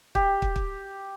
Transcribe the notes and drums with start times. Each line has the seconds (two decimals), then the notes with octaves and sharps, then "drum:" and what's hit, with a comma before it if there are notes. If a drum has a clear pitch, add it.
0.15 G4, drum: kick
0.42 drum: kick
0.56 drum: kick